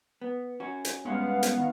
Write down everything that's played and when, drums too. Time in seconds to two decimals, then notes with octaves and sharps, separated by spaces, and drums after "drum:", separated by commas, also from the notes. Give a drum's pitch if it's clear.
0.21 B3
0.60 C#4 F#4
0.85 drum: hi-hat
1.05 G2 G#3 B3 C#4 F5 F#5
1.43 drum: hi-hat
1.57 D#3